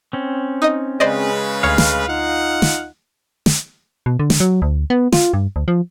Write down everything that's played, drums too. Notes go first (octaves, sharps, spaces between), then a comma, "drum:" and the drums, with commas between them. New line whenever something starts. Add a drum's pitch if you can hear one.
C4 C#4
D#4 D#5
C#3 G#3 B4 C5 D5 D#5
D2 C#5 F5
drum: snare
D#4 F4 F#5
drum: snare
drum: snare
B2
D3
drum: snare
F#3
D2
B3
F4, drum: snare
G2
D2
F3